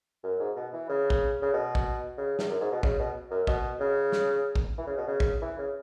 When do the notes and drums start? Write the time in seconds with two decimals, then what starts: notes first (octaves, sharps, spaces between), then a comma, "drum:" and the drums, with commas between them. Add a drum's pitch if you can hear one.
0.24 F#2
0.40 G#2
0.56 B2
0.73 E3
0.89 C#3
1.10 drum: kick
1.42 C#3
1.53 B2
1.75 drum: kick
2.18 C#3
2.39 E2, drum: snare
2.50 F#2
2.61 G#2
2.72 B2
2.83 C#3, drum: kick
2.99 B2
3.31 F#2
3.47 B2, drum: kick
3.80 C#3
4.12 drum: snare
4.55 drum: kick
4.78 E3
4.87 C#3
4.97 B2
5.07 C#3
5.20 drum: kick
5.42 E3
5.58 C#3